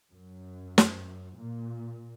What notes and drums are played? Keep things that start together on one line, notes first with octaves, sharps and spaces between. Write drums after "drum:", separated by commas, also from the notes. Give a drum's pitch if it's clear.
F#2
drum: snare
A#2